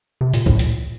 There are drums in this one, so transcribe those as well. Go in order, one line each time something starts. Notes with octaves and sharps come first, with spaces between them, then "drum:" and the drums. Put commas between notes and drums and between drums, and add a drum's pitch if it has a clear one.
C3
A#2, drum: hi-hat
A2, drum: kick
A#2, drum: hi-hat